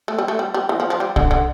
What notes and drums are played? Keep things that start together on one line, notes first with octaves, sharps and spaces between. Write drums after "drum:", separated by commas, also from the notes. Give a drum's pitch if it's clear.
A3
G3
A3
G3
G3
E3
F3
F3
G3
D3, drum: kick
D3